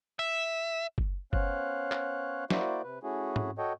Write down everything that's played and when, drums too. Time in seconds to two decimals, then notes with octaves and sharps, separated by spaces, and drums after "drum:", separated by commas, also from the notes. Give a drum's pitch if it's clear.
0.19 E5
0.98 drum: kick F#1
1.33 B3 C#4 C5 C#5 F5 F#6, drum: kick F#1
1.92 drum: clap
2.50 A#3 E4 F#4 C5 D5, drum: snare
2.83 C3 B4
3.03 A3 C#4 E4 F#4 G#4
3.36 drum: tom G#2
3.58 F#4 A4 C#5 D#5 G5